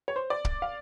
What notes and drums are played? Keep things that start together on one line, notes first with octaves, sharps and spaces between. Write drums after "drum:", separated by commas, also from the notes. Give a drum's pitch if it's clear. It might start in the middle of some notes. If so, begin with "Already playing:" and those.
C#5
C5
D5
drum: kick
F5